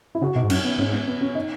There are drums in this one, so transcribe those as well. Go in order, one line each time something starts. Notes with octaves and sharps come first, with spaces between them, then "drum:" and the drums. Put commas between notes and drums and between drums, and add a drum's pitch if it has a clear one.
E4
C#3 F#4
B2 D#4
G#2
F#2 C#4, drum: cymbal
B3
G#2 C#4
B3
B3
C#4
D#4